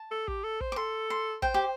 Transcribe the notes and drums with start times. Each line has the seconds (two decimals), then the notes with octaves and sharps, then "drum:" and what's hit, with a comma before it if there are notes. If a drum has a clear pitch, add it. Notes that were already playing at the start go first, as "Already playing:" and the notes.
Already playing: A5
0.11 A4
0.28 G4, drum: kick
0.44 A4
0.61 C5, drum: kick
0.72 D6
0.76 A4 C6
1.10 C6
1.42 C5 G5, drum: kick
1.54 G4